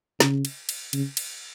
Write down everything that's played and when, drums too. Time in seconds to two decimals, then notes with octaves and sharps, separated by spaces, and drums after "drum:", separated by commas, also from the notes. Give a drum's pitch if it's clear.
0.20 C#3, drum: snare
0.45 drum: cymbal
0.69 drum: cymbal
0.93 C#3, drum: cymbal
1.17 drum: cymbal